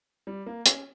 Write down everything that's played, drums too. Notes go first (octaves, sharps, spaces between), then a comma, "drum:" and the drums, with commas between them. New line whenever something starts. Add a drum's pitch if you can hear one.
G3
A#3
C#4, drum: hi-hat